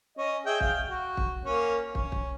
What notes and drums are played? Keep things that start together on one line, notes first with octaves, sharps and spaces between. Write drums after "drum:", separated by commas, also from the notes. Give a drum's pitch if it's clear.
C#4 D#5
G#4 E5 G5
F5 G5, drum: kick
F#4
drum: kick
A#3 C#4
C#4, drum: kick
drum: kick